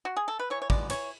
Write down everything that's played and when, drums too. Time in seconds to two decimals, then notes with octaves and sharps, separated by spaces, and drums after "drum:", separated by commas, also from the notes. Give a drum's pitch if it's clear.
0.05 F#4
0.17 G#4
0.28 A4
0.39 B4
0.50 E3 C#5
0.62 C#5
0.70 G#3 B3 D5, drum: kick
0.90 E3 C#5, drum: cymbal